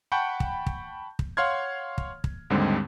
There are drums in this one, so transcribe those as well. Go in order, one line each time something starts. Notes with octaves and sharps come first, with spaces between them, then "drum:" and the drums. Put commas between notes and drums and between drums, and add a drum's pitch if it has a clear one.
F#5 G5 A5 B5 C#6 G6
drum: kick
drum: kick
drum: kick
C#5 F5 F#5 C6 F6 G#6
drum: kick
drum: kick
D#2 G#2 D3 G3 G#3 C4